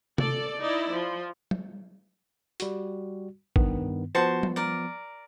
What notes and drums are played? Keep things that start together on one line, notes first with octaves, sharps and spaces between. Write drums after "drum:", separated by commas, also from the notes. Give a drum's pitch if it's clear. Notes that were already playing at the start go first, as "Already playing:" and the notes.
A4 D5, drum: tom C3
D#4 E4 D5
F3
drum: tom
G3 F#4, drum: hi-hat
G2 D#3 B3, drum: kick
F3 B3 F#4 C5 A5
drum: tom
A#4 D5